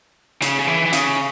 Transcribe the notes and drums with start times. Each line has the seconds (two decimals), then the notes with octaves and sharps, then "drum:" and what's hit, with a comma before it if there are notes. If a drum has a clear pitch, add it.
0.42 C#3, drum: hi-hat
0.59 C#3
0.68 E3
0.86 E3
0.93 C#3, drum: hi-hat